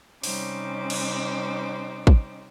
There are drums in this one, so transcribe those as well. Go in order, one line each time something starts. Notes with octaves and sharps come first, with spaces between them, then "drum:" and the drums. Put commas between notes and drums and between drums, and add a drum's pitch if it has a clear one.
C3 G3 C#4 D#4 C5 D6, drum: open hi-hat
drum: cymbal
drum: kick